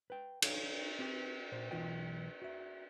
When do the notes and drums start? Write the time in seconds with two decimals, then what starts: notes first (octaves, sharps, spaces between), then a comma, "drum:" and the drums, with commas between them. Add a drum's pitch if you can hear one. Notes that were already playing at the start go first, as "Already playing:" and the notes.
0.10 B4 G5
0.42 D4 D#4 A4 C#5 F5, drum: cymbal
0.99 C4 G4
1.52 A#2 C5
1.71 B1 E3 D#4 F4 D#5 G5
2.42 F#4 E5